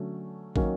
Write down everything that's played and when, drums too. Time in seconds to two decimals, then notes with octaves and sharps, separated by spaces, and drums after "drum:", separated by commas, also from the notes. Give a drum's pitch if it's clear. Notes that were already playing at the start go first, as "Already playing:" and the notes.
Already playing: D3 F#3 A3 C#4
0.56 D#3 F#3 A#3 C#4, drum: kick